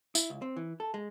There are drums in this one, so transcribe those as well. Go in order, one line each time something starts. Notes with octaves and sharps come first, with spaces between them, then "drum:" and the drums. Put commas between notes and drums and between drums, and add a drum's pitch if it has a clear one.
E4, drum: tambourine
C#2
C4
E3
A4
G#3